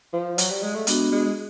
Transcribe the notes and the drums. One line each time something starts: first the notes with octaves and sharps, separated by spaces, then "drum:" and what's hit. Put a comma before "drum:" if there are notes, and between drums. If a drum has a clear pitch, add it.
F3
F#3, drum: hi-hat
G3
G#3
A3
G#3 B3 D4 F#4, drum: hi-hat
G#3